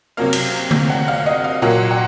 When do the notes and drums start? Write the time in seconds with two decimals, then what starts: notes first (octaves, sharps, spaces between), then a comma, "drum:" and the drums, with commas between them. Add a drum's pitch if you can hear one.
0.17 C3 F#3 A#3 F5
0.33 drum: cymbal
0.71 drum: tom D3
0.90 F#5
1.08 F5
1.26 D#5
1.44 F5
1.62 A#2 F#3 A#3 F#5
1.91 F#5